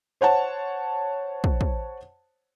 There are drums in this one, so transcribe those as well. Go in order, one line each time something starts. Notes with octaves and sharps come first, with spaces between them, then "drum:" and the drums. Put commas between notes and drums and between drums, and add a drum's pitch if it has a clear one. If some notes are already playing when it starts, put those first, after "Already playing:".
C5 C#5 F#5 A5
drum: kick
drum: kick